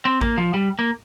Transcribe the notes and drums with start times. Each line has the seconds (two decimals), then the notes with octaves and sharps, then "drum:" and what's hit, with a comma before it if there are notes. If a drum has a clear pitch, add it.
0.05 C4
0.21 A#3, drum: kick A1
0.38 F3
0.54 G3
0.79 A#3